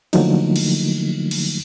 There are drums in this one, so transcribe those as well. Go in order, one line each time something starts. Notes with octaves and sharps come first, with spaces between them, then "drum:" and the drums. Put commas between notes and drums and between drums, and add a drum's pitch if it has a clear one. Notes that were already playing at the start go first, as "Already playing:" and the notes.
D3 F3 F#3 A3 A#3 D#4, drum: cymbal
drum: cymbal
drum: cymbal